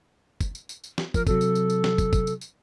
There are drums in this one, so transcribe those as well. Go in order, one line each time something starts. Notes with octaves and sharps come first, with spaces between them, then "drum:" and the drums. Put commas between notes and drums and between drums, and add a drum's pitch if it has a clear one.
drum: kick, tambourine
drum: tambourine
drum: tambourine
drum: tambourine
drum: snare
F3 A#4, drum: kick, tambourine
C3 F#3 A4, drum: kick, tambourine
drum: tambourine
drum: tambourine
drum: tambourine
drum: snare
drum: kick, tambourine
drum: kick, tambourine
drum: tambourine
drum: tambourine